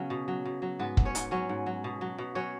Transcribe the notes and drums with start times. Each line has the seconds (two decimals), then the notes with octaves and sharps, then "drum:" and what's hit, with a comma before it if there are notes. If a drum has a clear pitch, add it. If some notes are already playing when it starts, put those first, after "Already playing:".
Already playing: C#3 F#3 B3 C#4
0.10 B2
0.28 F#3
0.45 B2
0.62 F#3
0.79 G#2 B3 B4
0.97 F#3, drum: kick
1.05 C#4 C#5
1.15 G#2, drum: hi-hat
1.31 F#3 C#4 C#5
1.49 G#2
1.66 F#3
1.84 B2
2.01 F#3
2.18 B2
2.35 F#3 C#4 C#5